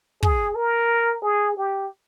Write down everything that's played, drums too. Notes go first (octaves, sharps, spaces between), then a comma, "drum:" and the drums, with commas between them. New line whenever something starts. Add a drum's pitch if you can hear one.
G#4, drum: kick
A#4
G#4
G4